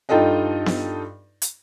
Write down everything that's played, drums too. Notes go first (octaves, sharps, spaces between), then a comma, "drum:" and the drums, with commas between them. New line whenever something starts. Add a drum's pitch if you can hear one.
G2 D#4 F4 A4 D#5 G5
drum: snare B3
drum: hi-hat